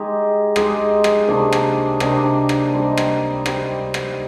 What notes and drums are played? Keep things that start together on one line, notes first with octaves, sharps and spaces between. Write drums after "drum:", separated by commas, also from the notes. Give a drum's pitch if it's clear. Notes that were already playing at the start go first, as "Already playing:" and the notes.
Already playing: G#3 D#4 G4
G#3 D#4 G4, drum: rim click
drum: rim click
C3 D#3 A#3 D4
drum: rim click
C3 D#3 A#3 D4, drum: rim click
drum: rim click
G3 C4 D#4 G4
drum: rim click
G3 C4 D#4 G4, drum: rim click
drum: rim click